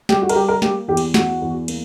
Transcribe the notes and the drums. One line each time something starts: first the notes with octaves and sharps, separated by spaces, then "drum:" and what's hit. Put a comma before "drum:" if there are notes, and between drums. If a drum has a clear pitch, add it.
G3 G4, drum: snare
F#4
A#4, drum: cymbal
G3 G4
A#4
A#3 G4, drum: snare
E2 G4
drum: cymbal
E2 F#4, drum: snare
E2
A#3, drum: cymbal